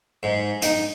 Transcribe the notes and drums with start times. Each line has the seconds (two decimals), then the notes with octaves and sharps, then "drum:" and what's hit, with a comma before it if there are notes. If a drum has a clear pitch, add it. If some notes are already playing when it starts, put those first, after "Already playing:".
0.23 G#2
0.62 D#4, drum: hi-hat